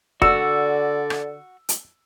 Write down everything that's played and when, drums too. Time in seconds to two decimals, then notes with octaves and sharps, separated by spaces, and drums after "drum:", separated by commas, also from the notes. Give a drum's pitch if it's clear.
0.22 D3 F#4 D5 E6, drum: kick F1
1.10 drum: rim click
1.69 drum: hi-hat